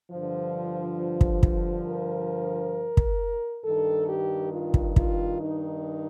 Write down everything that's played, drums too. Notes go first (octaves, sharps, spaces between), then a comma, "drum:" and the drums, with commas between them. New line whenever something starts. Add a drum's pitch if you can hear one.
G2 D3 F3
drum: kick
drum: kick
A#4
drum: kick
G2 D#3 A4
G4
F4
drum: kick
F4, drum: kick
D#4